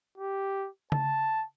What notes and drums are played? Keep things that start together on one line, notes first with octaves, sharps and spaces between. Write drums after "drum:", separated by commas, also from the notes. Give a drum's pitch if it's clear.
G4
A5, drum: tom C#3